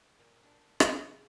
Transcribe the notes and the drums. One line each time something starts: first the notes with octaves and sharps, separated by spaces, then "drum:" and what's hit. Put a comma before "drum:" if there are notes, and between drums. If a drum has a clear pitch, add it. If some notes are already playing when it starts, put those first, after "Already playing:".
A#2
D4
drum: rim click
C#3